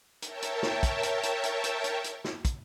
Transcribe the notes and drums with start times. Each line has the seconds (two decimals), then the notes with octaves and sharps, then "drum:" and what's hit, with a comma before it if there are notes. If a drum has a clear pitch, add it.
0.22 A#4 C#5 E5 G5 A5, drum: hi-hat
0.42 drum: hi-hat
0.63 drum: snare
0.83 drum: kick, hi-hat
1.03 drum: hi-hat
1.23 drum: hi-hat
1.44 drum: hi-hat
1.64 drum: hi-hat
1.84 drum: hi-hat
2.04 drum: hi-hat
2.24 drum: snare
2.45 drum: kick, hi-hat